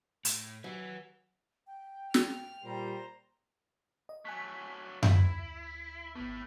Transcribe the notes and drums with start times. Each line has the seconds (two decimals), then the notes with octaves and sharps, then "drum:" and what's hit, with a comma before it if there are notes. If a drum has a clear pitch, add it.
0.25 A2, drum: hi-hat
0.64 F#3 B4 G#5
1.67 G5
2.14 F6, drum: snare
2.64 A#2 G3 C5 A#5
4.09 D#5
4.25 F#3 A3 G#5 F#6 B6
5.03 D2 E4, drum: tom F#2
6.16 G#1 A3 B3 E4